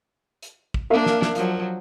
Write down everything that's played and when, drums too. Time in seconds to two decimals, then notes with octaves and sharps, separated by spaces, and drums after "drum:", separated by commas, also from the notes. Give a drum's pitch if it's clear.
0.42 drum: hi-hat
0.74 drum: kick
0.90 A#3 D4 A#4 E5 F5
1.06 drum: snare
1.22 drum: snare
1.35 F3 F#3, drum: hi-hat